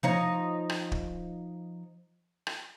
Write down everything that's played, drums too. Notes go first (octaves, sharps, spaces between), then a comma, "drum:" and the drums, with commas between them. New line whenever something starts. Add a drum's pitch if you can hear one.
F3 D#4 C#5
drum: rim click
drum: kick
drum: rim click